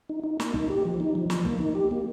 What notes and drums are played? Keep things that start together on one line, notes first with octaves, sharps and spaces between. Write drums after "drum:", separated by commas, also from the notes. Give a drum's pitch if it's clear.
D#4
D#4
A#3, drum: snare
D#4, drum: kick
G4
F3
D#4
F3
F3, drum: snare
A#3, drum: kick
D#4
G4
A#3